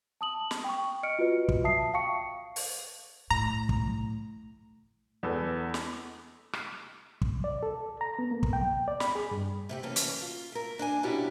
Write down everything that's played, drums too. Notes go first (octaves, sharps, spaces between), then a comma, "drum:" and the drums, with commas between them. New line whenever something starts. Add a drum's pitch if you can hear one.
A5 D#6 F#7
drum: snare
G5 C#6
D#5 F6 C#7 D7
F4 F#4 B4 D#5
drum: kick
E5 A5 D#6 C7
F5 G5 A5 C#6 C#7
drum: open hi-hat
A2 A#5
drum: kick
E2 B3 A4
drum: snare
drum: rim click
drum: kick
D5
A4
A#5
B3
A#3
drum: kick
G5
D5
B5, drum: snare
G#4
G2
C3 A3 G4
E3 A#3 C#4 A4
drum: hi-hat
F4
A3 A#4
A#3 D4 C#5 G#5
G2 B2 C#4 D4 E4 G4